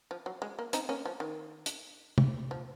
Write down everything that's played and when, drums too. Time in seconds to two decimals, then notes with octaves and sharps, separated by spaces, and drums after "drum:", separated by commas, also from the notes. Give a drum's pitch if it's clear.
0.11 F3
0.26 F#3
0.42 G#3
0.59 A#3
0.73 C4 D#4, drum: hi-hat
0.89 A#3 C#4
1.06 F3
1.20 D#3
1.66 drum: hi-hat
2.18 drum: tom
2.51 F3